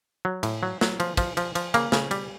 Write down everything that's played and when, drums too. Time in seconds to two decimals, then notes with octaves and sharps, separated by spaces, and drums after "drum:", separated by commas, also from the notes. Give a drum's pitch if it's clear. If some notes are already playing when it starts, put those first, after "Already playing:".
0.25 F#3
0.43 A2, drum: cymbal
0.63 F#3
0.81 F#3, drum: snare
1.00 F3, drum: cymbal
1.17 F3, drum: kick, cymbal
1.37 F3, drum: cymbal
1.55 F3, drum: cymbal
1.74 C#3 A#3, drum: cymbal
1.92 C#3, drum: snare
2.11 G3, drum: cymbal